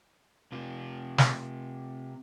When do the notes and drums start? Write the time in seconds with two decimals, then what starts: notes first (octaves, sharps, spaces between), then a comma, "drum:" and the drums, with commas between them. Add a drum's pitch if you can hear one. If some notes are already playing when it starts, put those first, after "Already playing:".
0.52 C3 F4
1.18 drum: snare